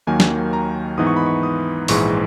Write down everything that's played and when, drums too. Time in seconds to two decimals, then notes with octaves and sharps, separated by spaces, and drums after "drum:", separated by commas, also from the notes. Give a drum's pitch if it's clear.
0.07 D#2 D#3 F#3 A#3 G#5
0.20 drum: snare
0.53 A#5
0.98 G#2 E3 B3 D#4 D#6
1.07 C#6
1.16 B5
1.26 C#6
1.43 D#6
1.88 A#1 G#2 E3 G#3 C#6, drum: open hi-hat